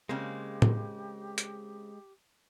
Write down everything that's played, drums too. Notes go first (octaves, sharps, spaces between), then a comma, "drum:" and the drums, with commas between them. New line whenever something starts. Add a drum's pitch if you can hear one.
C#3 G#3 A#3 C4 G4
drum: tom A2
drum: hi-hat